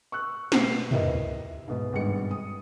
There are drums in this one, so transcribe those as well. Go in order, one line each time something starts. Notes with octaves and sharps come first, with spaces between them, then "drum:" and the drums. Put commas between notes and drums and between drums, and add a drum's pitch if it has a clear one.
C#6 E6 F#6
B2 C5 C7, drum: snare
E4 G4 A#4 B4 D#5 E5, drum: tom
G#2 B2 G#3
G#1 G2 B2 G#3 C#7
D#6